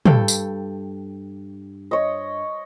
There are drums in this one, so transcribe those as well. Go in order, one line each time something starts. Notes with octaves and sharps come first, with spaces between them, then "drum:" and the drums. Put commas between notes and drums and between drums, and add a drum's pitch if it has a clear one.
G2 A4 G5, drum: tom
drum: tambourine
C#5 D#5